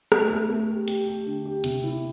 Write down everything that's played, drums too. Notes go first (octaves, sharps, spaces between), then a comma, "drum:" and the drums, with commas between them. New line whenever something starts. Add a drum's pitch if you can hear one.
A3, drum: rim click
A3
A3
G4
G4, drum: hi-hat
G4
D3
G4
C3, drum: hi-hat
E4